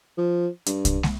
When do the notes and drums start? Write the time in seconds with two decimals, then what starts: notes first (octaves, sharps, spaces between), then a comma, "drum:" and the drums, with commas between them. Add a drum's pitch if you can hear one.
0.18 F3
0.66 G2, drum: hi-hat
0.85 drum: kick C2, hi-hat
1.03 drum: snare